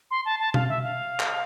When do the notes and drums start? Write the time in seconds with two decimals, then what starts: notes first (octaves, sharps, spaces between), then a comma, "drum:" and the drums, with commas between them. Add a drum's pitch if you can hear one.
0.11 C6
0.25 A5
0.40 A5
0.54 F5, drum: tom B2
0.69 E5
0.83 F5
1.20 drum: clap